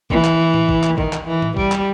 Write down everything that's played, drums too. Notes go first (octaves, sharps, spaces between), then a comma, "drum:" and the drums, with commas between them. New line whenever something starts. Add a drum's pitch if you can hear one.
E3, drum: kick G#1
drum: clap
drum: tom A2
drum: kick G#1
drum: clap
D#3, drum: kick G#1
drum: clap
E3
drum: tom A2
G3, drum: kick G#1
drum: clap